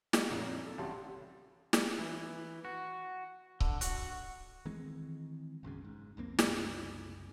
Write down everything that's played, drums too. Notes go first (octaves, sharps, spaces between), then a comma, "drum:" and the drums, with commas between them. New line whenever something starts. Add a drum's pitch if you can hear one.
F#4 D#5, drum: snare
F#1 F2 A#2 A#3 D4 A#5
A4
A1 G3 F#4 A5 C6
drum: snare
E3
F#4
D3, drum: kick C#1
F#4, drum: hi-hat
D#3 E3 G#3 C4
F#1 B1 F#2 C#3
G#2
B1 F2 A#3 C4
F#1 C2, drum: snare